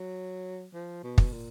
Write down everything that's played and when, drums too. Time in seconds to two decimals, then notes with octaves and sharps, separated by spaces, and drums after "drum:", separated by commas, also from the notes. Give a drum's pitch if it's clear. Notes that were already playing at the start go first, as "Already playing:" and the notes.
Already playing: F#3
0.74 F3
1.03 B2
1.18 drum: kick
1.33 A#2